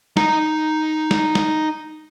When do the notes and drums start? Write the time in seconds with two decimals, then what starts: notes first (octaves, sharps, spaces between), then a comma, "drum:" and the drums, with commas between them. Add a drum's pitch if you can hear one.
0.17 D#4 A#5, drum: snare
1.11 drum: snare
1.35 drum: snare